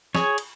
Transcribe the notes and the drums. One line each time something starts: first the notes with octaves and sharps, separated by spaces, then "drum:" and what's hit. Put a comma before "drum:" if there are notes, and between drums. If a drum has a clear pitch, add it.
G#4 C#5, drum: snare
drum: cymbal